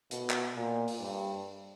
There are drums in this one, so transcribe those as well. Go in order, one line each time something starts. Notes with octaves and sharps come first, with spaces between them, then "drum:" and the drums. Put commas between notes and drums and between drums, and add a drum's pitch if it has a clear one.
B2, drum: hi-hat
drum: clap
A#2
drum: open hi-hat
G2